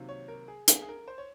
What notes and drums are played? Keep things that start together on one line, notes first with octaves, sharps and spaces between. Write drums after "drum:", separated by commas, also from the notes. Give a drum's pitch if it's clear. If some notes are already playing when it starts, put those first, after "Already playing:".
Already playing: C3 D#3 F#3 A#3
C#5
A#4
G#4
G#4, drum: hi-hat
G#4
A#4
C5
C#5